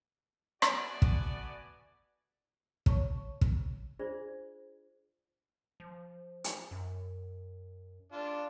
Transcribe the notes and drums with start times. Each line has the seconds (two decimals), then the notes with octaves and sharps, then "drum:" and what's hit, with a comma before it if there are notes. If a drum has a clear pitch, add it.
0.62 A3 B3 F#4 D5 G#5 D6, drum: rim click
1.02 drum: kick
2.86 C#5 A5 C#6, drum: kick
3.41 drum: kick
3.99 D4 F4 G#4 C5 D5
5.80 F3
6.44 drum: hi-hat
6.71 F#2
8.12 D4 F4